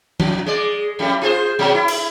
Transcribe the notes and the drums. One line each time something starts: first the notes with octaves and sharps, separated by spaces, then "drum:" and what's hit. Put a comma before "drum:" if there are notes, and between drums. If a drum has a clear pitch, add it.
F3, drum: tom F3
G#3 D5
F2 A2 G3
F4 G#4 C5
B2 F#3 G#3
E4
drum: cymbal